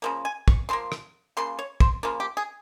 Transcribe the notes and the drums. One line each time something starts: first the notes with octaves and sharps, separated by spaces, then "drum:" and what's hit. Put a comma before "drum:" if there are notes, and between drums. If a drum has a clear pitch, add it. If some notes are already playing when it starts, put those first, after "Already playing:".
C#3 F3 A#3
G#5
C#6, drum: kick
C#3 F3 A#3 C6
drum: rim click
C#3 F3 A#3 C6
C#5
C5, drum: kick
C#3 F3 A#3 F4
G4
G#4